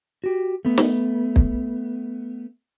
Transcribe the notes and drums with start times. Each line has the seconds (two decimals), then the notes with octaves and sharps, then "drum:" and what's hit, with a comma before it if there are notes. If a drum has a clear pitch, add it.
0.24 F#4 G4
0.65 A3 B3
0.78 drum: snare
1.36 drum: kick